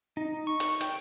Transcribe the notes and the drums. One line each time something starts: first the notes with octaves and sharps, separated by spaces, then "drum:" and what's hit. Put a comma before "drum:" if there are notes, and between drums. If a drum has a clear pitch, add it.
D#4
C#6
drum: hi-hat
G5, drum: hi-hat